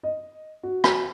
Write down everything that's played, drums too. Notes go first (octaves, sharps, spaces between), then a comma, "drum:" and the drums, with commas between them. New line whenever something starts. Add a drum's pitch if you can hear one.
D#5
F#4
drum: rim click